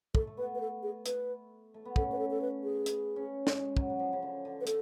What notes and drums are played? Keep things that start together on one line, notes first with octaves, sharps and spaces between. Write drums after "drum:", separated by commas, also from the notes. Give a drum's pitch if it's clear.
A3 A4, drum: kick
A3
B3 B4
B4
A4
G#4
B4, drum: hi-hat
A3
B3
C#4 A4, drum: kick
B4
A4
A4
B4
G#4
drum: hi-hat
C#4
G#3, drum: snare
F#3, drum: kick
F#3
F3
C#3
D3
D3
B4
A4, drum: hi-hat